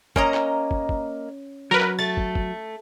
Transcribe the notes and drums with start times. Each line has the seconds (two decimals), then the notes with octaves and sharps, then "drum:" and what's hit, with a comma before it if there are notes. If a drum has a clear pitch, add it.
0.16 A#3 C#4 D#5 A#5, drum: kick
0.34 drum: clap
0.71 drum: kick
0.89 drum: kick
1.71 F#3 A#4 B4
1.81 drum: clap
1.99 A3 A6
2.17 drum: kick
2.35 drum: kick